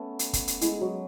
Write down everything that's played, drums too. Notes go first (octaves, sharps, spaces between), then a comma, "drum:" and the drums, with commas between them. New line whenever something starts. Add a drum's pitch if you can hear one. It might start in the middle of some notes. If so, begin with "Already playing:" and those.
Already playing: A3 B3 C#4
drum: hi-hat
drum: kick, hi-hat
drum: hi-hat
G#3 E4, drum: hi-hat
F#3 F#4